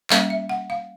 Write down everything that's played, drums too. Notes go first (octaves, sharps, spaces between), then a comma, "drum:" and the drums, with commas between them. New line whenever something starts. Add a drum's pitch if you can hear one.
G3 A#3 C#4 F5, drum: clap
E5
F#5
F5